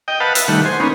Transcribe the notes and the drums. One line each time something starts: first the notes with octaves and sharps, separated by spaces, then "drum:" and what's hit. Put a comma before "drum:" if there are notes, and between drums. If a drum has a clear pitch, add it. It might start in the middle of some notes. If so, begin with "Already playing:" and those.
D#5 G5
B4 D#5 F5 F#5 A5
E5, drum: hi-hat
D#3 G3 A3 F#5
C5 G#5
A#3 B3 C#4 D#4